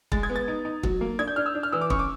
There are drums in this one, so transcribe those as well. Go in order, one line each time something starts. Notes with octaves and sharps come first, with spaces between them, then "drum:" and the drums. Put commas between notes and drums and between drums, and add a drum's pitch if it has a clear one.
G#3 A6, drum: kick
G#6
B3
A6
D#4
D#4
F#3, drum: kick
A#3
D4 G#6
G6
D4 F6
E6
D4
F6
E3 E6
D6
C#4 C#6, drum: kick
D6